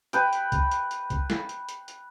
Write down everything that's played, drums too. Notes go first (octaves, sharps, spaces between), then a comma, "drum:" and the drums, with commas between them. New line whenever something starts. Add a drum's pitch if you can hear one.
B4 G5, drum: hi-hat
drum: hi-hat
drum: kick C2, hi-hat
drum: hi-hat
drum: hi-hat
drum: kick C2, hi-hat
drum: snare
drum: hi-hat
drum: hi-hat
drum: hi-hat